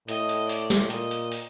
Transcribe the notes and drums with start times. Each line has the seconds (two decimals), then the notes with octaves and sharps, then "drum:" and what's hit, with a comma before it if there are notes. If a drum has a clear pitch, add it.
0.08 A2 D#5, drum: hi-hat
0.29 drum: hi-hat
0.49 D5, drum: open hi-hat
0.70 drum: snare
0.90 A#2 D#5, drum: hi-hat
1.11 drum: hi-hat
1.32 drum: open hi-hat